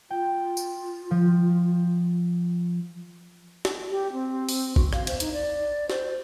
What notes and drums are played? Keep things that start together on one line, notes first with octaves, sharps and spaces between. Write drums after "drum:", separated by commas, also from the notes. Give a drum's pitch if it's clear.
F4 G5
drum: tambourine
F3
drum: snare
G4
C4
drum: open hi-hat
F#4, drum: kick G#1
F5, drum: rim click
C5, drum: cymbal
D#4, drum: hi-hat
D5
C5, drum: snare